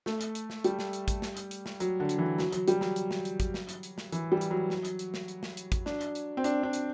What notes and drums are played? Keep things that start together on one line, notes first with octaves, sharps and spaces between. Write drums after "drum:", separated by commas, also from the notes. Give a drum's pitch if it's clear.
A3, drum: snare
drum: hi-hat
drum: hi-hat
drum: snare
G3, drum: hi-hat
drum: snare
drum: hi-hat
drum: kick, hi-hat
drum: snare
drum: hi-hat
drum: hi-hat
drum: snare
F#3, drum: hi-hat
D3
drum: hi-hat
E3
F#3, drum: snare
F#3, drum: hi-hat
G3, drum: hi-hat
F#3, drum: snare
drum: hi-hat
drum: snare
drum: hi-hat
drum: kick, hi-hat
drum: snare
drum: hi-hat
drum: hi-hat
drum: snare
E3, drum: hi-hat
G3
drum: hi-hat
F#3
drum: snare
drum: hi-hat
drum: hi-hat
drum: snare
drum: hi-hat
drum: snare
drum: hi-hat
drum: kick, hi-hat
D4, drum: snare
drum: hi-hat
drum: hi-hat
C4
D4, drum: hi-hat
D4
drum: hi-hat